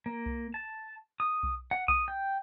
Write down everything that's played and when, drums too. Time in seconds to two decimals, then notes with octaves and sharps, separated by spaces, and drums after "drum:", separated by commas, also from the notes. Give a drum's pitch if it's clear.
0.06 A#3
0.26 drum: kick B1
0.54 A5
1.20 D#6
1.43 drum: kick B1
1.71 F#5
1.88 D#6, drum: kick B1
2.08 G5